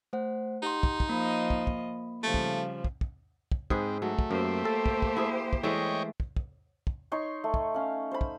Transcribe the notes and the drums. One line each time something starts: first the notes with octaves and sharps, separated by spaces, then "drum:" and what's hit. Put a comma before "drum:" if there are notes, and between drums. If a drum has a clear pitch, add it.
A3 C5 F#5
D#4 G4 F#5 C6
drum: kick
drum: kick
F3 A#3 D#5 B5
drum: kick
drum: kick
C#3 F3 G3 A3
drum: kick
drum: kick
drum: kick
drum: kick
G#2 C4 G#4 B4, drum: kick
F#3 A3
drum: kick
F#2 A#3 G4 C5
A4
drum: kick
drum: kick
E4 G#4
drum: kick
E3 G#3 A3 C#5 D#5 G5
drum: kick
drum: kick
drum: kick
D#4 C#5 C6 C#6
A3
drum: kick
C#4 F5
C5 B5
drum: kick